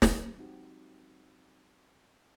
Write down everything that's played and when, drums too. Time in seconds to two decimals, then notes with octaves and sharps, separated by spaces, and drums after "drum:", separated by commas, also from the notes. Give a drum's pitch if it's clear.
0.02 F#3, drum: snare
0.37 G#3 C4 D#4 F#4 G4